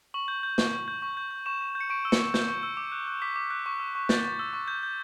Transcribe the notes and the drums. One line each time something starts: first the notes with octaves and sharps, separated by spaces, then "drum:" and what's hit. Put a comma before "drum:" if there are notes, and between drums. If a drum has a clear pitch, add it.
C#6 F#7
G6
G6
C#6, drum: snare
C#6
G6
C#6
G6
G6
C#6 E7
C#6
G6
C#7
C#6 D7
E6
C#7, drum: snare
C#6
G6, drum: snare
C#6
E6
D6
F#6
F#6
D6 B6
D6
F#6
C#6
E6
C#6
G6 A6, drum: snare
C#6
E6
C#6
G6
G6